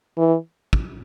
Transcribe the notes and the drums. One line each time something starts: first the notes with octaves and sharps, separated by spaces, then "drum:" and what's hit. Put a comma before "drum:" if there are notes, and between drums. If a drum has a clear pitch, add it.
E3
drum: kick